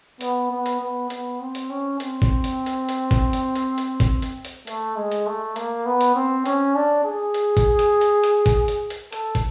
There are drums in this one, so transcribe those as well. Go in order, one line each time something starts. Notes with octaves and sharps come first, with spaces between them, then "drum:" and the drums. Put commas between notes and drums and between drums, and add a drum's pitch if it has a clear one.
B3, drum: hi-hat
B3
drum: hi-hat
B3
B3, drum: hi-hat
C4
drum: hi-hat
C#4
C4, drum: hi-hat
drum: kick
drum: hi-hat
drum: hi-hat
drum: hi-hat
drum: kick, hi-hat
drum: hi-hat
drum: hi-hat
drum: hi-hat
drum: kick, hi-hat
drum: hi-hat
drum: hi-hat
A3, drum: hi-hat
G#3
drum: hi-hat
A3
A#3, drum: hi-hat
B3
drum: hi-hat
C4
C#4, drum: hi-hat
D4
G#4
drum: hi-hat
drum: kick, hi-hat
drum: hi-hat
drum: hi-hat
drum: hi-hat
drum: kick, hi-hat
drum: hi-hat
drum: hi-hat
A4, drum: hi-hat
drum: kick, hi-hat